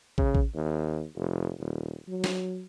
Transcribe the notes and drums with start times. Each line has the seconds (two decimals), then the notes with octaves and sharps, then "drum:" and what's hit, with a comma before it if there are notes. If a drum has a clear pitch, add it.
0.18 C#3, drum: kick
0.35 drum: kick
0.55 D#2
1.17 F1
1.60 D#1
2.08 F#3
2.24 drum: snare